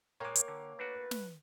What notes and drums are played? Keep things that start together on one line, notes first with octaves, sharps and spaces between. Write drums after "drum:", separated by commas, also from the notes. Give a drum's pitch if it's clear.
A#2 G#3 A#3 A#4 C#5 G5 D6
drum: hi-hat
D3
A3 D4 F#4 B4
drum: snare